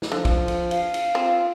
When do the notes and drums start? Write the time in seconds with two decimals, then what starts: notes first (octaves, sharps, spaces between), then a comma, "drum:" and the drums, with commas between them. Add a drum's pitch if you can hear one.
0.02 drum: snare
0.12 D3 F3
0.25 drum: kick, cymbal
0.48 drum: cymbal
0.71 F5, drum: cymbal
0.94 drum: cymbal
1.15 C4 F4